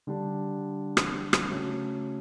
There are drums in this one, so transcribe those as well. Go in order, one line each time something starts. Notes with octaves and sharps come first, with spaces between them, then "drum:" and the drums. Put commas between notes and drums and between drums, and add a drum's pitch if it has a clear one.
D3 G3 D4
drum: rim click
drum: rim click
C#3 F#3 A3 C#4